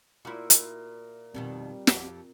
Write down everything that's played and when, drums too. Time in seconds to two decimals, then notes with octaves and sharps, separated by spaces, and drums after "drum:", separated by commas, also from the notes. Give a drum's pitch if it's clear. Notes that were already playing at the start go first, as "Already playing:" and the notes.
0.25 A#2 E4 F#4 A#4 C6
0.50 drum: hi-hat
1.34 F2 B2 D#3 G3 C4
1.87 F2 G4, drum: snare